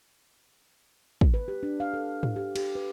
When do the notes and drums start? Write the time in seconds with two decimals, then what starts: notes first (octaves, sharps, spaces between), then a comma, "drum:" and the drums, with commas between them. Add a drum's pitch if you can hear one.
1.21 drum: kick
1.34 B4
1.48 G4
1.63 D4
1.80 F5
1.94 A4
2.23 D4, drum: tom G#2
2.36 G4
2.56 G4, drum: cymbal
2.75 B4